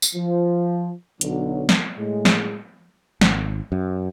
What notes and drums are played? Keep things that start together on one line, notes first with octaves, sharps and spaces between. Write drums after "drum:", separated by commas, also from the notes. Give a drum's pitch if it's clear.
drum: tambourine
F3
B1 D3 F#3, drum: hi-hat
drum: snare
A2 G#3
drum: snare
G#1, drum: snare
F#2